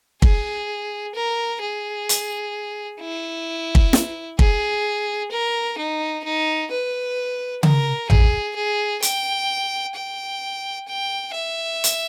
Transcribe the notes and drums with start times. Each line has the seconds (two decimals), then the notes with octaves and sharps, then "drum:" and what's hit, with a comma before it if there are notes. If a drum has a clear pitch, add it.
0.22 G#4, drum: kick
1.15 A#4
1.61 G#4
2.09 drum: hi-hat
3.00 E4
3.75 drum: kick
3.93 drum: snare
4.39 G#4, drum: kick
5.31 A#4
5.78 D#4
6.24 D#4
6.71 B4
7.63 A#4, drum: tom C#3
8.10 G#4, drum: tom A1
8.56 G#4
9.02 G5, drum: hi-hat
9.95 G5
10.88 G5
11.34 E5
11.84 drum: hi-hat